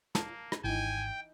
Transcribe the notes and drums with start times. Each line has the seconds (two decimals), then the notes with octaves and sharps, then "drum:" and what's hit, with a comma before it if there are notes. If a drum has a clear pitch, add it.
0.15 A#3 A5, drum: snare
0.52 drum: rim click
0.64 G#1 E3 D#4 G5 G#5